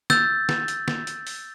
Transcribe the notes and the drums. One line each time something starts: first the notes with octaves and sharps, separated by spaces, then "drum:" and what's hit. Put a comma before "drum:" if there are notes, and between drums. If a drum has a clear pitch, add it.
E6 G6 A6, drum: snare
drum: snare
drum: hi-hat
drum: snare
drum: hi-hat
drum: open hi-hat